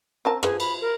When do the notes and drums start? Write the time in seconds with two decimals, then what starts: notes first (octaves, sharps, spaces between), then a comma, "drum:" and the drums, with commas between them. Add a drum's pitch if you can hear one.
0.25 C4 A#4 A5
0.43 F3 G#4 B4, drum: rim click
0.60 B5, drum: cymbal
0.81 A#4